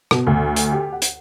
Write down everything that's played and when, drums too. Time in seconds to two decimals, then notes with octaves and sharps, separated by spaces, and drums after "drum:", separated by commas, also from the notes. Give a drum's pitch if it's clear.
0.11 B2, drum: rim click
0.27 D2
0.56 drum: hi-hat
0.72 G4
0.93 F#5
1.02 drum: hi-hat